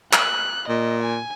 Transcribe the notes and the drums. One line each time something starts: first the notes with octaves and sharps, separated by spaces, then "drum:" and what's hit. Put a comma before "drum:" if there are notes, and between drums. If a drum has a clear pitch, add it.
F#6, drum: clap
A#2 D#5
G#5